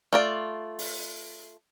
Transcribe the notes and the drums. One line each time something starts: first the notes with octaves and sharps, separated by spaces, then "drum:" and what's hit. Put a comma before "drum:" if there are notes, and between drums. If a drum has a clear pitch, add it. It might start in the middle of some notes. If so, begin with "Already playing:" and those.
A3 F4 D5
drum: open hi-hat